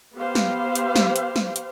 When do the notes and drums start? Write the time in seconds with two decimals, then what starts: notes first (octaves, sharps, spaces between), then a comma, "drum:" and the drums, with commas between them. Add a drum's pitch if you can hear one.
0.15 B3 G4 C5 F5
0.35 drum: snare
0.75 drum: hi-hat
0.96 drum: snare
1.16 drum: hi-hat
1.36 drum: snare
1.56 drum: hi-hat